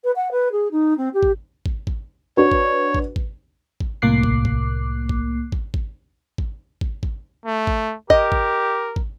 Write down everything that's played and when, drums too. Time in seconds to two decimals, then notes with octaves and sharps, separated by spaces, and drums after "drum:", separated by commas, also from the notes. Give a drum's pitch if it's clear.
0.04 B4
0.15 F#5
0.31 B4
0.52 G#4
0.71 D#4
0.97 C4
1.13 G4
1.23 drum: kick
1.66 drum: kick
1.87 drum: kick
2.37 D4 F#4 B4 C#5
2.52 drum: kick
2.95 drum: kick
3.16 drum: kick
3.80 drum: kick
4.02 C2 A2 A#3 D6 F#6 C7
4.23 drum: kick
4.45 drum: kick
5.09 drum: kick
5.52 drum: kick
5.74 drum: kick
6.38 drum: kick
6.81 drum: kick
7.03 drum: kick
7.46 A3
7.67 drum: kick
8.10 G4 A#4 D#5, drum: kick
8.32 drum: kick
8.96 drum: kick